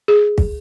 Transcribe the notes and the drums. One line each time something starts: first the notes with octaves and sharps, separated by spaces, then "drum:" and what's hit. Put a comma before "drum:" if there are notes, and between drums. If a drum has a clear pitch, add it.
G#4
drum: kick